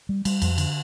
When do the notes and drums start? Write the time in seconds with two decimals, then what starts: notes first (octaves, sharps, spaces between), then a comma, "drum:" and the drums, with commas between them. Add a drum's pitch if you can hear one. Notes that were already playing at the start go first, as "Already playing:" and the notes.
0.09 G3
0.25 G3, drum: cymbal
0.42 F2, drum: cymbal
0.58 D3, drum: cymbal